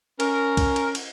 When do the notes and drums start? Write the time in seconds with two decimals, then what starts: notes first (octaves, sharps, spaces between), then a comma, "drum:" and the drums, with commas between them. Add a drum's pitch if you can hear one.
0.20 C#4 A#4, drum: cymbal
0.57 drum: kick, cymbal
0.76 drum: cymbal
0.95 drum: cymbal